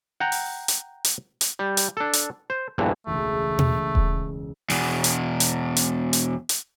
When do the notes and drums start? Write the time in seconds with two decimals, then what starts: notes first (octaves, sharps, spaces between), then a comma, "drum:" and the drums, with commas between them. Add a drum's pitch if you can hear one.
0.20 F#5 G5 A#5
0.32 drum: open hi-hat
0.68 drum: hi-hat
1.04 drum: hi-hat
1.41 drum: hi-hat
1.59 G3
1.77 drum: hi-hat
1.97 D4 A4
2.13 drum: hi-hat
2.50 C5
2.78 A#1 E2 G2 D3 E3
3.07 E1 C#2 A3
3.59 drum: tom B2
3.95 drum: kick D#1
4.70 E2 B2, drum: open hi-hat
5.04 drum: hi-hat
5.40 drum: hi-hat
5.77 drum: hi-hat
6.13 drum: hi-hat
6.49 drum: hi-hat